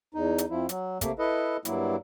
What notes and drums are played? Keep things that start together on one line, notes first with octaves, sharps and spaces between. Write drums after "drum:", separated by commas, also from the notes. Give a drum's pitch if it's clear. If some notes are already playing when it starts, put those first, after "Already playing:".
E2 D#4
drum: hi-hat
F2 F3 E4
F#3, drum: hi-hat
C3 A3 A#3, drum: kick, hi-hat
E4 A4 B4 D#5
G2 F#3 A#3 E4, drum: hi-hat